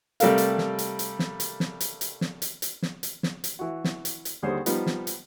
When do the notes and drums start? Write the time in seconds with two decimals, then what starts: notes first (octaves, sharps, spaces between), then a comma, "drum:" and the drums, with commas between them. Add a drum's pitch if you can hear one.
0.20 C3 G3 A3 A4 A#4 F5, drum: hi-hat
0.38 drum: hi-hat
0.58 drum: snare
0.79 drum: hi-hat
0.99 drum: hi-hat
1.19 drum: snare
1.40 drum: hi-hat
1.60 drum: snare
1.80 drum: hi-hat
2.01 drum: hi-hat
2.21 drum: snare
2.42 drum: hi-hat
2.62 drum: hi-hat
2.82 drum: snare
3.03 drum: hi-hat
3.23 drum: snare
3.44 drum: hi-hat
3.59 E3 F#4
3.84 drum: snare
4.05 drum: hi-hat
4.25 drum: hi-hat
4.42 D#2 D3 G3 G#4 C5 C#5
4.66 F3 G3 B3 D#4, drum: hi-hat
4.86 drum: snare
5.07 drum: hi-hat